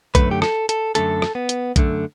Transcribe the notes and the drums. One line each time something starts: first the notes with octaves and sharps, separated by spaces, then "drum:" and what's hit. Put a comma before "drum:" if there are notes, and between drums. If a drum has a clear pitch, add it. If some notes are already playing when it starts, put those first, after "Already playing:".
F#2 D3 A3 B4, drum: kick A#1, hi-hat
G4
A4, drum: rim click
A4, drum: hi-hat
F#2 D3 A3 A4, drum: hi-hat
drum: rim click
B3
drum: hi-hat
F#2 D3 A3, drum: kick A#1, hi-hat